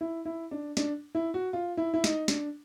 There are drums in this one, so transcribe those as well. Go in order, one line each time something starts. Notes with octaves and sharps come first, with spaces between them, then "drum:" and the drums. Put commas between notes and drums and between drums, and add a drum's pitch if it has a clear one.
E4
E4
D4
D4, drum: snare
E4
F#4
F4
E4
E4
D#4, drum: snare
D4, drum: snare